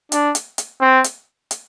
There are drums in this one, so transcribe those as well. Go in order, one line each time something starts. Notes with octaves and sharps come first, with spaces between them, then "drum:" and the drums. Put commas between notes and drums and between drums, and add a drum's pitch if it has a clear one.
D4, drum: hi-hat
drum: hi-hat
drum: hi-hat
C4
drum: hi-hat
drum: hi-hat